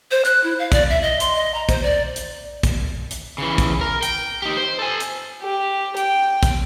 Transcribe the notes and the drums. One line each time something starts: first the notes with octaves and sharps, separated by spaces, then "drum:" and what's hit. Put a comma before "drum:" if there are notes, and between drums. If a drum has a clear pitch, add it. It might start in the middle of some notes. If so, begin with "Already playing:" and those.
C5
F#6, drum: hi-hat
E4
F5
D5, drum: kick, hi-hat
E5
D#5
C6, drum: hi-hat
D#5
A#5
C5, drum: kick, hi-hat
D5
drum: hi-hat
drum: kick, hi-hat
drum: hi-hat
C#3 E3
drum: kick, hi-hat
A#4
G5, drum: hi-hat
D#4 G4
C5
A4 G#5
drum: hi-hat
G4
G5, drum: hi-hat
drum: kick, hi-hat